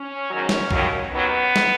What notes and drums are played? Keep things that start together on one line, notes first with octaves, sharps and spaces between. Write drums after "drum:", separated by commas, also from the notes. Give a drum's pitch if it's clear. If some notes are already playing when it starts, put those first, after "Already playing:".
Already playing: C#4
G#2 D#3 F#3
drum: snare
D#2 D#3 F#3, drum: kick B1
D#2 D#3 F#3 B3
drum: snare